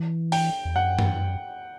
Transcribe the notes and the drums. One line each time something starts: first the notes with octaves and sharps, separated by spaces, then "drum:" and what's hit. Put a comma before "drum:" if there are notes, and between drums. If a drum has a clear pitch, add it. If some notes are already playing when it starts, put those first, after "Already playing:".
Already playing: E3
G5, drum: open hi-hat
E2
F#2 F#5
drum: tom G2